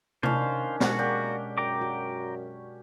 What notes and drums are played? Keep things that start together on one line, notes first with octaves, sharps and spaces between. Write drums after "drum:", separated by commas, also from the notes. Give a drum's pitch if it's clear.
D#3 C#4 D4 C5 F5, drum: tom C3
B2 G#3 F#4 F#5, drum: snare
A#3 G4 A#4 D5
F#2 G5 A#5 D6
F#4